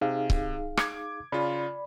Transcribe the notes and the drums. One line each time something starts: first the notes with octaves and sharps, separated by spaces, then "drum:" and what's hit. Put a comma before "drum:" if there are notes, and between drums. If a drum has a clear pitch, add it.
C3 D#4 G#4 F5
drum: kick C#1
D6 G#6, drum: rim click
C#3 F4 D5 B5